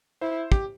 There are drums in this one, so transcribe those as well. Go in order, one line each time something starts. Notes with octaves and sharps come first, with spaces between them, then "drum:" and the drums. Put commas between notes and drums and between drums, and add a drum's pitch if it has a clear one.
E4 C5
G4, drum: kick